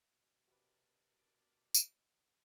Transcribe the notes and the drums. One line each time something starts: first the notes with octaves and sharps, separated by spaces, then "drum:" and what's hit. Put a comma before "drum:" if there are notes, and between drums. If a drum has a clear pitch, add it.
B2
C3 D4 F#4 A#4 B4 D5
drum: tambourine